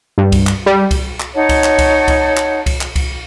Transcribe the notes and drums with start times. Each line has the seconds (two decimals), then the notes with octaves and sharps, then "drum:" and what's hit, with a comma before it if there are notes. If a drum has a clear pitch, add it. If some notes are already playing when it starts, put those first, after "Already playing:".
0.18 G2
0.32 drum: kick C2, cymbal
0.47 drum: clap
0.66 G3
0.91 drum: kick C2, cymbal
1.20 drum: clap
1.35 D#4 C#5 F#5 A5
1.49 drum: kick C2, cymbal
1.64 drum: clap
1.79 drum: kick C2, cymbal
2.08 drum: kick C2, cymbal
2.37 drum: clap
2.66 drum: kick C2, cymbal
2.81 drum: clap
2.96 drum: kick C2, cymbal